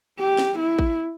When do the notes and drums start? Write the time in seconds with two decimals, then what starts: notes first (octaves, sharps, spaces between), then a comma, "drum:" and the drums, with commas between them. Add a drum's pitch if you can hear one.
0.19 G4
0.39 drum: snare
0.58 E4
0.79 drum: kick